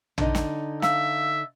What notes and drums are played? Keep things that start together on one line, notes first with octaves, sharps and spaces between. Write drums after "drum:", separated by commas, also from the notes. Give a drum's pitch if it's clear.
D3 D#4, drum: tom
drum: snare
E5 F5 E6, drum: snare